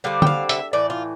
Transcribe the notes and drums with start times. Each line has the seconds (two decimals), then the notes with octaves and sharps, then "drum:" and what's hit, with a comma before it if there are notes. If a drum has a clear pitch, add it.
0.04 D3 G3 C4 F5
0.22 G5, drum: tom
0.27 F5
0.49 E5, drum: hi-hat
0.73 A2 E3 D5
0.90 F4